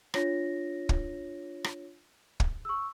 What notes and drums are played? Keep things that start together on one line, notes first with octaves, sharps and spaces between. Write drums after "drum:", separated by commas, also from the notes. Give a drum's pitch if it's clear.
D4 F4 C#5 A#6, drum: rim click
drum: kick
drum: rim click
drum: kick
C#6 E6